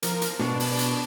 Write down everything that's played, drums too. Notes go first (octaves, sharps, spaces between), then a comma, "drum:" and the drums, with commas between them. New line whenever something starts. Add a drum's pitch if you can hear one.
F3 A#4, drum: hi-hat
drum: hi-hat
B2 D4, drum: snare
drum: open hi-hat
drum: hi-hat